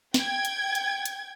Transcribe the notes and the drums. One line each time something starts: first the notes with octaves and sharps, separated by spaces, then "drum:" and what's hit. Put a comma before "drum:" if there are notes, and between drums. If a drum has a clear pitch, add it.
G5 G#6, drum: snare
drum: hi-hat
drum: hi-hat
drum: hi-hat